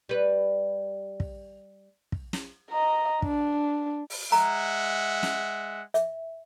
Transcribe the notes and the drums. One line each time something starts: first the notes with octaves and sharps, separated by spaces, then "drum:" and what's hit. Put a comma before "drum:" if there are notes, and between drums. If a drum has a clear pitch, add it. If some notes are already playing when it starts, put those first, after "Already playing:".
G3 B4
drum: kick
drum: kick
drum: snare
D#5 A#5
D4, drum: kick
drum: open hi-hat
G#3 E5 F#5 A#5, drum: hi-hat
drum: snare
E5, drum: hi-hat